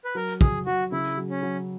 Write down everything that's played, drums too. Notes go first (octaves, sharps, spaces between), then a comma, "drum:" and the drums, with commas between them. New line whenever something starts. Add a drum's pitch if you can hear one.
B4
F#3 A#4
F#3 G#4, drum: kick
F#3 F#4
C#3 E4
F#3
C#4
F#3